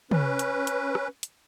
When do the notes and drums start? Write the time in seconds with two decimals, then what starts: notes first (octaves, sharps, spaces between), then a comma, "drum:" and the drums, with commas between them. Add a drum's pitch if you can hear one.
0.11 C#4 B4, drum: tom
0.39 drum: hi-hat
0.67 drum: hi-hat
0.95 drum: rim click
1.23 drum: hi-hat